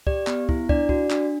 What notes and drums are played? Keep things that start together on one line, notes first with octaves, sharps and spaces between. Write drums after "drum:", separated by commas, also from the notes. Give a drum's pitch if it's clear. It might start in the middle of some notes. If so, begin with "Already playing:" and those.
G4 D5, drum: kick
B3, drum: clap
E4, drum: kick
D4 D5, drum: kick
F#4, drum: kick
D4, drum: clap